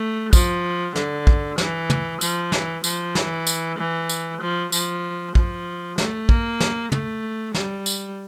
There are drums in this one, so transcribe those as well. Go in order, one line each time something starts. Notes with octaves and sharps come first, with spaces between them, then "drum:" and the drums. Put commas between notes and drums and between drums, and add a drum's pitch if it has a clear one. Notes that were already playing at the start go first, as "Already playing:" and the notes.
Already playing: A3
F3, drum: kick, tambourine
D3, drum: snare
drum: kick
E3, drum: snare
drum: tom
F3, drum: tambourine
E3, drum: snare
F3, drum: tambourine
E3, drum: snare
drum: tambourine
E3
drum: tambourine
F3
F3, drum: tambourine
F3, drum: kick
A3, drum: snare
A#3, drum: kick
drum: snare
A3, drum: tom
G3, drum: snare
drum: tambourine